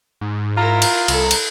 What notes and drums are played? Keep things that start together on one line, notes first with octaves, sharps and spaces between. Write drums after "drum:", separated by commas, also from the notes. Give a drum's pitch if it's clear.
G#2
E4 F4 A#4 A#5
drum: cymbal
C2 E4 A4, drum: cymbal
drum: cymbal